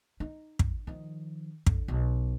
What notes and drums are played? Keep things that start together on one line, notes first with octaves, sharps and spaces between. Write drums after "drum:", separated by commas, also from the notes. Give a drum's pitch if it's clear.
D#4
drum: kick
D#3 F3
D3, drum: kick
B1